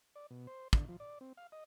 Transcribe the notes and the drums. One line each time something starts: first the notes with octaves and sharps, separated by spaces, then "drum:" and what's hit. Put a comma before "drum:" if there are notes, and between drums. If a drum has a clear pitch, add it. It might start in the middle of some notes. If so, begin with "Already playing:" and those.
D5
B2
C5
D3, drum: kick
F3
D5
C4
F5
D#5